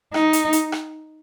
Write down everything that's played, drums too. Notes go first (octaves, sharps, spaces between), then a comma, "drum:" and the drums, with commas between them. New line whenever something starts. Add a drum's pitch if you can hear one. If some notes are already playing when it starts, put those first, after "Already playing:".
D#4, drum: rim click
drum: hi-hat
drum: hi-hat
drum: rim click